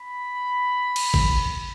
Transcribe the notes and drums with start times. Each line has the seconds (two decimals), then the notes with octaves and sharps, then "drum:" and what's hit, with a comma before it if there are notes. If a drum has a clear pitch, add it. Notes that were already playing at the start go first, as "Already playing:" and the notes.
Already playing: B5
0.96 drum: cymbal
1.14 drum: kick G#1